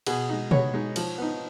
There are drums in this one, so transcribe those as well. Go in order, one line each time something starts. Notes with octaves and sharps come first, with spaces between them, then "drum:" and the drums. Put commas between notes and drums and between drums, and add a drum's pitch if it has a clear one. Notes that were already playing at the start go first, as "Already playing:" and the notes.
B2 G#4, drum: cymbal
G#3 D#4
B2 C#5, drum: tom B2
G#3 D#4
F3, drum: cymbal
B3 D#4